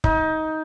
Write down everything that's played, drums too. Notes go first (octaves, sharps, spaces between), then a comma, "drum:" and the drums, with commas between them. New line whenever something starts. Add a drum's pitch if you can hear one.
D#4, drum: kick